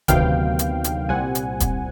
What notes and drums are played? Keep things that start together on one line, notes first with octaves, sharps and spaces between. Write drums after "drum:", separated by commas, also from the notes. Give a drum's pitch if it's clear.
D2 C3 D#3 F#3 B3 F5 G5, drum: kick, hi-hat
drum: hi-hat
drum: hi-hat
C2 A#2 G3 C4 F#5 G#5
drum: hi-hat
drum: kick, hi-hat